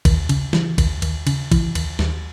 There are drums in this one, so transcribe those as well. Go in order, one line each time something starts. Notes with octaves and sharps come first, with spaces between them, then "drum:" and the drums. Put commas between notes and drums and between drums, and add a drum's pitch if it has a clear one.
D#2, drum: kick A1, cymbal
C#3, drum: cymbal
E3, drum: snare
D#2, drum: kick A1, cymbal
D#2, drum: cymbal
C#3, drum: cymbal
E3, drum: kick A1, cymbal
D#2, drum: cymbal
D#2, drum: snare